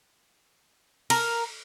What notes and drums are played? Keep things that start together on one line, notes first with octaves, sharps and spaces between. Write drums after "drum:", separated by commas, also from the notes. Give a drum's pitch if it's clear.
A#4, drum: cymbal